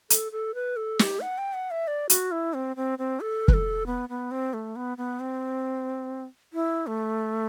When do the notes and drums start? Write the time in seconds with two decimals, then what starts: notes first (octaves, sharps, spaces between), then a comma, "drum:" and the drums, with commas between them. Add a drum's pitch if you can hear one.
0.10 A4, drum: hi-hat
0.32 A4
0.55 B4
0.76 A4
0.99 G4, drum: snare
1.21 F#5
1.38 G5
1.54 F#5
1.71 E5
1.87 D5
2.10 F#4, drum: hi-hat
2.32 E4
2.54 C4
2.76 C4
2.99 C4
3.21 A4
3.48 B4, drum: kick
3.54 A4
3.86 B3
4.09 B3
4.31 C4
4.53 A3
4.76 B3
4.98 B3
5.20 C4
6.53 E4
6.87 A3